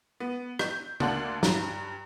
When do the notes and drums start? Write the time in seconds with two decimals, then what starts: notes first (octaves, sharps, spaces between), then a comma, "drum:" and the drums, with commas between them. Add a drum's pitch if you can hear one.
0.20 B3
0.59 G6, drum: rim click
1.00 D2 A#3 D4 F#5 C6 F#7, drum: tom C#3
1.43 G2 A#5, drum: snare